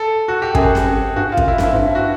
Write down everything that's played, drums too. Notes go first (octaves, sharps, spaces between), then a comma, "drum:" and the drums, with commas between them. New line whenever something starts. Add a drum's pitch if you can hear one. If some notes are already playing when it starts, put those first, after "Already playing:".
Already playing: A4
F#4
G4
F#2 G#4, drum: kick
drum: snare C4
G2 F#4
F4
F#2, drum: kick
E4
G2, drum: snare C4
E4
G#2
G2
F#4